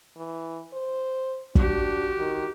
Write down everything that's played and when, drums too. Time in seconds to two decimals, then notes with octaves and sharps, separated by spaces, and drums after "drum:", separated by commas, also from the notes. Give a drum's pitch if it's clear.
0.17 E3
0.73 C5
1.55 D4 F#4 G4, drum: kick
2.18 D#3